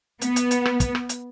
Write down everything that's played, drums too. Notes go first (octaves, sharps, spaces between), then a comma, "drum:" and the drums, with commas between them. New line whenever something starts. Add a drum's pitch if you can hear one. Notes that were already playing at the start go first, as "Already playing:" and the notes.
B3, drum: hi-hat
drum: hi-hat
drum: hi-hat
drum: rim click
drum: kick, hi-hat
drum: rim click
drum: hi-hat